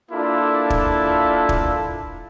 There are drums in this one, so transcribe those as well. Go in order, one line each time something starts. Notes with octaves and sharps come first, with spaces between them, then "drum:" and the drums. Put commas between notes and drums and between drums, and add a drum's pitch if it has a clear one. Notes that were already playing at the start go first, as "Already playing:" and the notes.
A#3 D4 E4 F4 A4
drum: kick
drum: kick